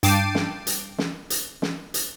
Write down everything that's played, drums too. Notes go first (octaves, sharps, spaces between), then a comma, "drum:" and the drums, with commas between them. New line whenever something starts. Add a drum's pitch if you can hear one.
G2 G5 A5 D6 C7 D#7, drum: hi-hat
drum: snare
drum: hi-hat
drum: snare
drum: hi-hat
drum: snare
drum: hi-hat